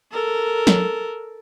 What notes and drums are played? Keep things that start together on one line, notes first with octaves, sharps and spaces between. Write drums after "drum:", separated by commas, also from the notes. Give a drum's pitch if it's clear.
A4 A#4
drum: snare